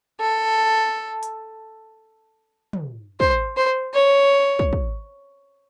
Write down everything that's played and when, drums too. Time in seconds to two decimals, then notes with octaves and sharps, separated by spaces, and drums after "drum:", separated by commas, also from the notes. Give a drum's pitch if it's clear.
0.20 A4
1.23 drum: hi-hat
2.73 drum: tom
3.20 C5, drum: kick
3.56 C5
3.94 C#5
4.59 drum: kick
4.73 drum: kick